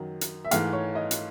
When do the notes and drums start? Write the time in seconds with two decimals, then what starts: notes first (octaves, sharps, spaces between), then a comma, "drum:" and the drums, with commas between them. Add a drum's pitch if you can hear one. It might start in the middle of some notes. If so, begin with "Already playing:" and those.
Already playing: F#2 D#3 F#3
0.21 drum: hi-hat
0.45 E5
0.51 G#2 E3 A3 F5, drum: hi-hat
0.73 C#5
0.95 D#5
1.11 drum: hi-hat